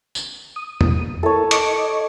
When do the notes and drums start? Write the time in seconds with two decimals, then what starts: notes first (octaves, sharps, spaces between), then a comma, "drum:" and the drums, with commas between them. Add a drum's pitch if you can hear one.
0.15 drum: tambourine
0.56 D#6
0.81 drum: tom E2
1.23 E4 A4 A#4 C#5
1.51 D#5 C#6 D6, drum: hi-hat